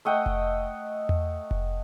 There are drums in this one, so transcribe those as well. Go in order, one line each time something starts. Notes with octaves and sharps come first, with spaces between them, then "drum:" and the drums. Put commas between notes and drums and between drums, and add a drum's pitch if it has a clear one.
A3 D#5 F#5 G5
drum: kick F1
drum: tom E2
drum: kick F1